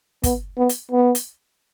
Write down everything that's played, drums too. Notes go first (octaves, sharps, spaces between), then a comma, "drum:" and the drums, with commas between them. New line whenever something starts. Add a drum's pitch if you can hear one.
B3, drum: kick, hi-hat
B3
drum: hi-hat
B3
drum: hi-hat